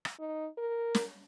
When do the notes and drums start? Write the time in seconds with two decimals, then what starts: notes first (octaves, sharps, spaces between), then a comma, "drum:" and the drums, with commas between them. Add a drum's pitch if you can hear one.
0.05 drum: rim click
0.19 D#4
0.58 A#4
0.95 drum: snare